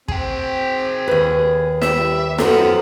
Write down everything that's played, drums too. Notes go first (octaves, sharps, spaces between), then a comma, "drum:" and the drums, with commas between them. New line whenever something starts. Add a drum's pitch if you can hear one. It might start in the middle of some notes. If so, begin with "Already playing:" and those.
C4 G#4 G5, drum: kick
D#2 B4
G3 E5, drum: snare
F#2 B3 C4 F#4 A4, drum: snare